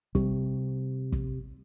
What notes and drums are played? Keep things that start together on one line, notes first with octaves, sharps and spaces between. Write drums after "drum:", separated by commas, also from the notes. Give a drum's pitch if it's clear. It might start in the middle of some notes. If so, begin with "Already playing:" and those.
C3 G3, drum: kick
drum: kick